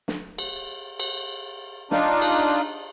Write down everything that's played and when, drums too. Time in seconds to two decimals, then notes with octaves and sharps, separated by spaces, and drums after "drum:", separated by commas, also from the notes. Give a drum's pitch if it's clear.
0.08 drum: snare
0.38 drum: cymbal
1.00 drum: cymbal
1.91 D4 D#4 F4, drum: snare
2.22 drum: cymbal